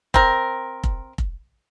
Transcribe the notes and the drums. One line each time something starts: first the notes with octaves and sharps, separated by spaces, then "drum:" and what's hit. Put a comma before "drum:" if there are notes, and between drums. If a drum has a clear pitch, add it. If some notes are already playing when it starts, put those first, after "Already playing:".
C4 A#4, drum: kick F1
drum: kick F1
drum: kick F1